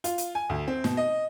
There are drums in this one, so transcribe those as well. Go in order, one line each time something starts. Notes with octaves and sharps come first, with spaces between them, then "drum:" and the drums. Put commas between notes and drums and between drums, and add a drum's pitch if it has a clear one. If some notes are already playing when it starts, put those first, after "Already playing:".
F4, drum: hi-hat
drum: hi-hat
G#5
D2
C4
B2, drum: snare
D#5